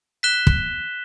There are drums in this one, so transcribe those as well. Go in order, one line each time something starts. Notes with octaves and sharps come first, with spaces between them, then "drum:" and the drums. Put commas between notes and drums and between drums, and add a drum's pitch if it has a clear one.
F#6 B6 E7 G7
drum: kick